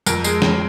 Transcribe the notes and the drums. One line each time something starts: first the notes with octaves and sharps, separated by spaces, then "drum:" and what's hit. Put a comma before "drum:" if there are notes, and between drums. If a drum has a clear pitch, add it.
F2 A#4, drum: tambourine
G#3, drum: tambourine
F2, drum: snare